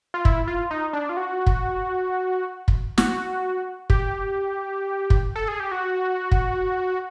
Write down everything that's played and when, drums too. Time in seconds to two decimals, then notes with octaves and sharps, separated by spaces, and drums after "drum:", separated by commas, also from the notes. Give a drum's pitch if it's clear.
0.14 F4
0.25 E4, drum: kick
0.47 F4
0.71 D#4
0.93 D4
1.09 F4
1.17 F#4
1.47 drum: kick
2.68 drum: kick
2.98 F#4, drum: snare
3.90 G4, drum: kick
5.10 drum: kick
5.36 A4
5.48 G#4
5.60 G4
5.71 F#4
6.32 drum: kick